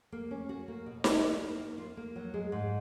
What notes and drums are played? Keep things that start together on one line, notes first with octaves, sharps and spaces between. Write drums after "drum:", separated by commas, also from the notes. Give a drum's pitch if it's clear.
A#3
C#4
F#4
A#3
B2
A#3, drum: snare D#4
A#3
A#3
A#3
F4
A#3
F#3
G#3
G#2